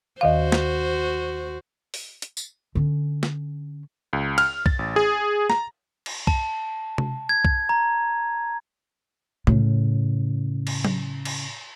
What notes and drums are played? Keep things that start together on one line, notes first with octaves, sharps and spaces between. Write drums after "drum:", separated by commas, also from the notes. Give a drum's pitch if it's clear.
D#2 D#3 F#4 C5 F5
drum: snare
drum: open hi-hat
drum: hi-hat
drum: tambourine
D3 C#4
drum: snare
C#2
F6, drum: cymbal
A6, drum: kick
A1
G#4
A#5, drum: snare
drum: cymbal
A5, drum: kick
drum: tom C3
G#6
drum: kick
A#5
A2 C#3, drum: tom C3
drum: cymbal
drum: tom F#3
drum: cymbal